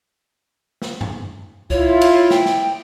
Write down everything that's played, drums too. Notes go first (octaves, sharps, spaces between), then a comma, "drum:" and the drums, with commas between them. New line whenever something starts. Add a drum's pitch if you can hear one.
drum: snare
drum: tom F#2
E4 F4 C#5, drum: kick C2
drum: cymbal
G5, drum: snare
drum: snare